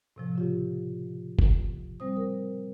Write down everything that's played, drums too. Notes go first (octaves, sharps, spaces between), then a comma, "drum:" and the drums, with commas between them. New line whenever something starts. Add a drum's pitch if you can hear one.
A2 C3 F3
C#3 F4 G4
drum: kick F#1
G3 C4 C5 D#6
A#4